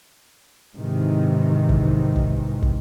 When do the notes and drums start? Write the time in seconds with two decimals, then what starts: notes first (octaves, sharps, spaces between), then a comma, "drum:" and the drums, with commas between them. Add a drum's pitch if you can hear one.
0.75 G#2 C3 D#3 E3
1.69 drum: kick
2.16 drum: kick
2.62 drum: kick